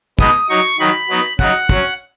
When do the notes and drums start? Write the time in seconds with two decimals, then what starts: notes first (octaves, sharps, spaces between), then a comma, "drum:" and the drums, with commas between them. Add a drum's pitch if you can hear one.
0.19 B2 G#3 B3 D#4 D#6, drum: kick
0.49 F#3 D#4 C#6
0.79 D#3 F#3 D#4 B5
1.09 F#3 B3 D#4
1.39 C#3 F#3 D#4 F#5, drum: kick
1.69 F#3 C#4, drum: kick